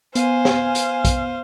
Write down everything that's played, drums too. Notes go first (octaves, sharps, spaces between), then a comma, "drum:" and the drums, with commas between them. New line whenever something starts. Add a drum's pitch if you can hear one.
B3 C5 F5 G#5 C7 D#7, drum: hi-hat
drum: snare
drum: hi-hat
drum: kick, hi-hat